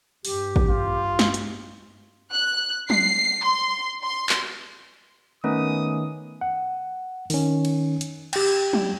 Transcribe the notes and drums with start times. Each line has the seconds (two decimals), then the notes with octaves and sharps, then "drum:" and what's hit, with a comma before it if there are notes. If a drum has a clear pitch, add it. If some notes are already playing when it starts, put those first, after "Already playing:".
0.25 G2 G4, drum: open hi-hat
0.56 drum: kick
0.70 F4
1.19 drum: snare
1.34 drum: hi-hat
2.32 F#6
2.90 C7, drum: tom F#3
3.44 C6
4.04 C6
4.29 drum: clap
5.44 D#3 A3 B3 C#4 D#4 D#6
6.41 F#5
7.30 D#3 C#4, drum: open hi-hat
7.65 drum: cymbal
8.01 drum: hi-hat
8.33 G4 G5, drum: cymbal
8.73 drum: tom F#3